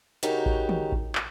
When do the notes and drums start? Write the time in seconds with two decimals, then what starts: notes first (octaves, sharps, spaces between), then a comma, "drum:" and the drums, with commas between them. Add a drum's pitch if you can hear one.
0.23 C#3 D#4 F#4 G4 A#4, drum: hi-hat
0.46 drum: kick A1
0.69 drum: tom
0.92 drum: kick A1
1.15 drum: clap